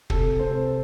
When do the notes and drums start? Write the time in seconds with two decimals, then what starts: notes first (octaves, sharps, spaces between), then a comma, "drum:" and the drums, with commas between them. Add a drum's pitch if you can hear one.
0.10 C3 A4, drum: kick
0.39 C3 C5